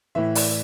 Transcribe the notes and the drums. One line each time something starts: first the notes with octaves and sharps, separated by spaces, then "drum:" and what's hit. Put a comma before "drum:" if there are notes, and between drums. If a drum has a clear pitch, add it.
A2 E3 E5
D5, drum: open hi-hat